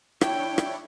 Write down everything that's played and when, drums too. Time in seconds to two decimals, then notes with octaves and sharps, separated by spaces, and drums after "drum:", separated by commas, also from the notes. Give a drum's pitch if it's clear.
0.21 D4 E4 C#5 G5, drum: rim click
0.58 drum: rim click